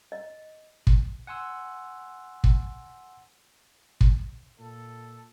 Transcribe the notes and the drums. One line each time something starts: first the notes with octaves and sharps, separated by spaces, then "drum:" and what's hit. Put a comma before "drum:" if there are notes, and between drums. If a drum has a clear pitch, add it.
D#5
drum: kick
F#5 G#5 C6 E6
drum: kick
drum: kick
A#2 A4